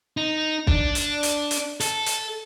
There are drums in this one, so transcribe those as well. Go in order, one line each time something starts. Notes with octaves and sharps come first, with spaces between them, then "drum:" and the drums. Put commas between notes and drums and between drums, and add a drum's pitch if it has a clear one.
D#4
D4, drum: kick
drum: hi-hat
drum: hi-hat
drum: hi-hat
A4, drum: hi-hat
drum: hi-hat